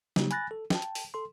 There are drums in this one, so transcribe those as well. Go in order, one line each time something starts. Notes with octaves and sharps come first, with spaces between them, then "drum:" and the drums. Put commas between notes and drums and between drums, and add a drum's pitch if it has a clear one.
C#3 F#3 G3 A#3 D#4 G4, drum: snare
G#5 B5 F#6 A6 A#6, drum: hi-hat
A4
G5 A5, drum: snare
drum: hi-hat
drum: open hi-hat
A4 C6